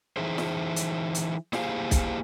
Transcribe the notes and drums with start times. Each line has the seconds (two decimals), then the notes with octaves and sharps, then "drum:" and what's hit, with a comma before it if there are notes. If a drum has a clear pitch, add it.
0.17 E3 D#4 E4 G#4 C5
0.38 drum: snare
0.76 drum: hi-hat
1.15 drum: hi-hat
1.53 A#3 E4 G4 G#4 C5 F5, drum: snare
1.91 drum: kick B1, hi-hat